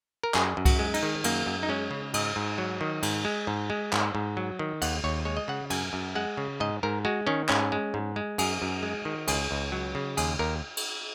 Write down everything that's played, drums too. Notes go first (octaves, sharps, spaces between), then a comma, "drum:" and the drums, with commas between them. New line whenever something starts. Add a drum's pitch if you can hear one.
A#4
F#2 G#4, drum: clap
F#2
F#4, drum: kick C2, cymbal
G#3
D#4, drum: cymbal
D#3
F#2 A#3, drum: cymbal
F#2
D#4
G#3 C#4
C#3
G#2 D#5, drum: cymbal
G#2
F#3
D#3
G#2, drum: cymbal
G#3
G#2
G#3
G#2, drum: clap
G#2
F#3
D#3
D#2 F#5, drum: cymbal
D#2 C#5
G#3 C#5
D#5
C#3 F#5
F#2 G#5, drum: cymbal
F#2
G#3 F#5
C#3
G#2 D#5
G#2 A#4
G#3 F#4
D#3 C#4
G#2 C#4, drum: clap
G#3
G#2
G#3
F#2 G#4, drum: cymbal
F#2
G#3
D#3
C#2 G#4, drum: cymbal
C#2
F#3
C#3
D#2 G#4, drum: cymbal
D#2 A#4
drum: cymbal